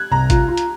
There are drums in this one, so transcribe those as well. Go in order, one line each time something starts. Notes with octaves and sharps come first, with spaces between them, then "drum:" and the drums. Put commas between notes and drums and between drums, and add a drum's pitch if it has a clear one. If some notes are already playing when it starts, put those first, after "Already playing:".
Already playing: F#6 G#6
C2 A#5
F4, drum: kick G#1, hi-hat
F4
drum: hi-hat